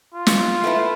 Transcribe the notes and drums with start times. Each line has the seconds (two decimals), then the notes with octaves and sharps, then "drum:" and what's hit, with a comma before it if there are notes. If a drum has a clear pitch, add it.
0.14 F4
0.27 drum: snare
0.64 A3 B3 E4